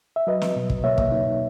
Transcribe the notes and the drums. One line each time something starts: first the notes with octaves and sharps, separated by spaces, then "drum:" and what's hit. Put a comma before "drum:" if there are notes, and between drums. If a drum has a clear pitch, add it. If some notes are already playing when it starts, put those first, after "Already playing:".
E5
F#3 B4 D#5
drum: snare
B2
drum: kick
A#3 C#5 E5
drum: kick
D#4